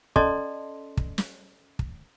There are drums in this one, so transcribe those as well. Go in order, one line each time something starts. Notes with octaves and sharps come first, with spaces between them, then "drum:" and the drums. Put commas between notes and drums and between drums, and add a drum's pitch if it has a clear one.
C#4 A4 D5 D#5 A5 C6, drum: kick
drum: kick
drum: snare
drum: kick